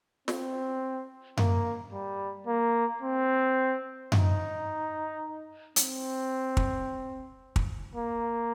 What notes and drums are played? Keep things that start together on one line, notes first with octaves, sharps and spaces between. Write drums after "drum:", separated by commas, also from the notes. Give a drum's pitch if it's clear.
C4, drum: snare
A#3, drum: tom F#2
G3
A#3
C4
D#4, drum: tom F#2
C4, drum: hi-hat
drum: kick
drum: kick
A#3